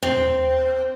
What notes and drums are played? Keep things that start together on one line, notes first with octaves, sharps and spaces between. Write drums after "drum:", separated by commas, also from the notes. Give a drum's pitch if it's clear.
C4, drum: tom D#2